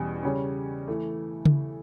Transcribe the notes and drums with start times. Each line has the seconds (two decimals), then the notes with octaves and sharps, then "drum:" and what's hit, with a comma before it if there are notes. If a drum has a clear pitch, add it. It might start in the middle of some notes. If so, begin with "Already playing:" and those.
Already playing: E2 B2 G3 C#4
0.23 C#3 G3 C#4
0.88 E3 A3
1.45 drum: tom C#3